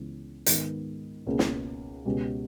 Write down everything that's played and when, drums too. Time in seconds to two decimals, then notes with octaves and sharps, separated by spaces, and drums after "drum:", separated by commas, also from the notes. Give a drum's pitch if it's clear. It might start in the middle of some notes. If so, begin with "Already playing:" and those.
Already playing: C#2 C#3 E3 G#3 B3
0.46 G#2 D#3 G#3 B3, drum: hi-hat
1.26 C#2 B2 A#3 C#4 G#4
1.39 drum: snare
2.05 C#2 B2 G#3 C#4 G4